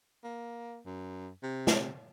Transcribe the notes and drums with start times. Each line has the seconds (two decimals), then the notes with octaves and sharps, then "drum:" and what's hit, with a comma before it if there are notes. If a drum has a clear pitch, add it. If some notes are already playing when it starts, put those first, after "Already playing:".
0.24 A#3
0.85 F#2
1.43 C3
1.67 drum: snare